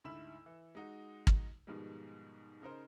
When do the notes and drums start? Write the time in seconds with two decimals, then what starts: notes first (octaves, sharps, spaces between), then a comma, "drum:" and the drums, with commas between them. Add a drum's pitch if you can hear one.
0.04 D2 G#2 E4 B5 E6 E7
0.46 E3
0.75 G#3 D#4 F#4
1.27 drum: kick
1.67 G#2 B2 D#3 F3 G3 G#3
2.62 C#3 D#4 A#4 C5